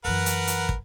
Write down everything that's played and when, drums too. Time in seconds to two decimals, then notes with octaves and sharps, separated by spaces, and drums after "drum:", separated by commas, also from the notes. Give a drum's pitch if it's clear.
0.05 F#2 E3 A#4 B4 F#5
0.26 drum: hi-hat
0.47 drum: hi-hat
0.69 drum: kick